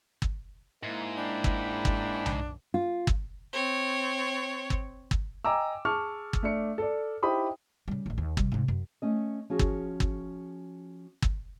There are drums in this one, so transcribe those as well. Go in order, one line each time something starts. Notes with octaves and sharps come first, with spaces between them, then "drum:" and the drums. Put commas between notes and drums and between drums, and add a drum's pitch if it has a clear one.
drum: kick
G#2 A#3 E4
D4 G5 B5
drum: kick
drum: kick
drum: tom B1
F4
drum: kick
C4 C#5
drum: kick
drum: kick
D#5 G5 G#5 A#5 D6 E6
G#4 A5 C#6 D6 F6
drum: kick
A3 D4 C#7
A4 D5
D#4 E4 G4 C5 B5 D#6
C#3 G3
A1 E2
D#2
C3 G3, drum: kick
G#2 C3
F#2
A3 C#4 D#5
F3 C#4 F#4 G#4
drum: kick
drum: kick
drum: kick